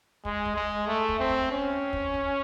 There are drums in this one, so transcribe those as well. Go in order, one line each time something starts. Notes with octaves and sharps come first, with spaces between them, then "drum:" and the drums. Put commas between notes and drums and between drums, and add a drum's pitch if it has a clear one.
G#3, drum: kick
drum: kick
G#3
A3
drum: kick
C4
drum: kick
C#4
drum: kick
drum: kick